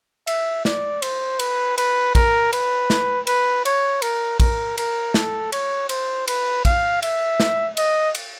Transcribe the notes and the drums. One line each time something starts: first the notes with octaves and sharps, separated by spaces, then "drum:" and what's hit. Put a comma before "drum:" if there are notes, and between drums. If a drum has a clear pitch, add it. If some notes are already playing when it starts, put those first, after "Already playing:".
E5, drum: cymbal
D5, drum: snare
C5, drum: cymbal
B4, drum: cymbal
B4, drum: cymbal
A#4, drum: kick, cymbal
B4, drum: cymbal
drum: snare
B4, drum: cymbal
C#5, drum: cymbal
A#4, drum: cymbal
A#4, drum: kick, cymbal
A#4, drum: cymbal
A4, drum: snare
C#5, drum: cymbal
C5, drum: cymbal
B4, drum: cymbal
F5, drum: kick, cymbal
E5, drum: cymbal
drum: snare
D#5, drum: cymbal
drum: cymbal